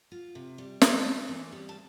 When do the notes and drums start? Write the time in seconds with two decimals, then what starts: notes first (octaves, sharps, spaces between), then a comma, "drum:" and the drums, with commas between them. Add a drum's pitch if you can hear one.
0.12 F4
0.35 C3
0.58 G3
0.82 C4 F5, drum: snare
1.06 E4
1.29 E3
1.52 G3
1.69 A5